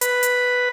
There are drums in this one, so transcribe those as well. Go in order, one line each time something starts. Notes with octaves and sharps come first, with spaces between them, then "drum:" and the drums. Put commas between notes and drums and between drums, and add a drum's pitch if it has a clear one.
B4, drum: hi-hat
drum: hi-hat